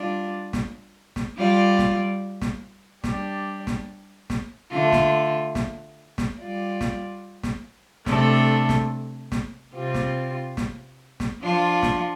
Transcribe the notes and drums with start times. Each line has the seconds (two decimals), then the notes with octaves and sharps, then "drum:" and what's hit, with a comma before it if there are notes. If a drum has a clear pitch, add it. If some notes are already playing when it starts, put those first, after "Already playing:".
Already playing: G3 D4 F4 D5
0.53 drum: snare
1.16 drum: snare
1.36 G3 F4 D5
1.79 drum: snare
2.41 drum: snare
3.04 G3 D4 G4 D5, drum: snare
3.67 drum: snare
4.30 drum: snare
4.71 D3 A3 F4
4.92 drum: snare
5.55 drum: snare
6.18 drum: snare
6.39 G3 F4 D5
6.81 drum: snare
7.43 drum: snare
8.06 C3 A3 D4 A4, drum: snare
8.69 drum: snare
9.32 drum: snare
9.74 C3 G3 C4 F4
9.94 drum: snare
10.57 drum: snare
11.20 drum: snare
11.41 F3 D4 F4
11.83 drum: snare